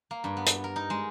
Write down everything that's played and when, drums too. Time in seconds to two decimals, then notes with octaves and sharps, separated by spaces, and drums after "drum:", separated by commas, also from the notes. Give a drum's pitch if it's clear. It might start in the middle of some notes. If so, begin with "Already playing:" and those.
0.11 A#3
0.24 G2
0.37 B3
0.47 drum: hi-hat
0.64 A#4
0.76 D#4
0.90 G#3